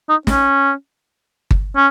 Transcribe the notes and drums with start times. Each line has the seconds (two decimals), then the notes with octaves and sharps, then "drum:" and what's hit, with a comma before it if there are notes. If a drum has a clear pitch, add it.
0.09 D#4
0.27 C#4, drum: snare
1.51 drum: kick G1
1.76 C#4